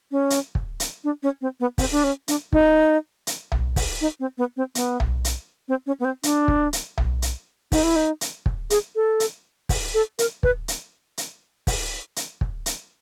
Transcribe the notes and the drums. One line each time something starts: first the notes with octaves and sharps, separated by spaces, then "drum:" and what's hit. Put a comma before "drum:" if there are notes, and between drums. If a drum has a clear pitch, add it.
C#4
drum: hi-hat
drum: kick
drum: hi-hat
D4
C#4
C4
B3
C4, drum: kick, open hi-hat
D4
C#4
D4, drum: hi-hat
D#4, drum: kick
drum: hi-hat
drum: tom B1
drum: kick, open hi-hat
D#4
C4
B3
C4
B3, drum: hi-hat
drum: tom B1
drum: hi-hat
C4
C#4
B3
C4
D4, drum: hi-hat
drum: kick
drum: hi-hat
drum: tom B1
drum: hi-hat
D#4, drum: kick, open hi-hat
E4
D#4
drum: hi-hat
drum: kick
G#4, drum: hi-hat
A4
drum: hi-hat
drum: kick, open hi-hat
A4
A#4, drum: hi-hat
B4, drum: kick
drum: hi-hat
drum: hi-hat
drum: kick, open hi-hat
drum: hi-hat
drum: kick
drum: hi-hat